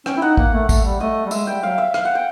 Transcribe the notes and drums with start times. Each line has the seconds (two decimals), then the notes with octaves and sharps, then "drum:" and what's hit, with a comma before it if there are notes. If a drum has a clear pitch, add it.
0.06 C#4 G5, drum: rim click
0.17 E4
0.22 D#4 F#5
0.37 A#3, drum: kick A1
0.54 A3
0.69 A3, drum: kick A1, tambourine
0.85 G3
1.00 A3 D#5
1.26 G3
1.31 G#3 E5, drum: tambourine
1.47 G3 G5
1.63 F#3 F5
1.78 E5
1.94 F5, drum: rim click
2.05 F#5
2.15 G5